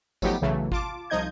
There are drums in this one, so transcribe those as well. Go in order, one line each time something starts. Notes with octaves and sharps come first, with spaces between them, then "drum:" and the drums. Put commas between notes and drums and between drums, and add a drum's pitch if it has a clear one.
F3 F#3 A3 B3 D#4 G4, drum: kick G#1, tambourine
B1 C#3 E3 F#3 A3
F4 A5 D6, drum: kick G#1
C2 F3 D#4 D#5 G6 G#6